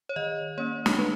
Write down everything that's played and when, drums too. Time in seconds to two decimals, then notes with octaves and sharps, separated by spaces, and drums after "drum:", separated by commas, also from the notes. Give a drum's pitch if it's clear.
0.09 C#5
0.16 D#3 D#5
0.58 A#3 C#4 C#5
0.86 drum: snare
0.98 D#3 B4